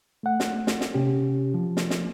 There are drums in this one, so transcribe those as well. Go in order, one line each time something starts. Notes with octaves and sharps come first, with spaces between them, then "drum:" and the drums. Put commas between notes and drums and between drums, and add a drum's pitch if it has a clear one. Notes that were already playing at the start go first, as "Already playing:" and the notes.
A3 F#5
drum: snare
drum: snare
drum: snare
C3 C#4 G4
F3
drum: snare
drum: snare